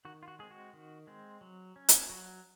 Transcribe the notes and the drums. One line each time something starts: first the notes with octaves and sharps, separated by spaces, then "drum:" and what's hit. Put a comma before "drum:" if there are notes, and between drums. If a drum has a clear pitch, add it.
D#3 F#4
F4
F#4
G#3 C4 G#4
F#4
D#3
G#3 C4
F#3
C#4
drum: hi-hat
F#3 F#4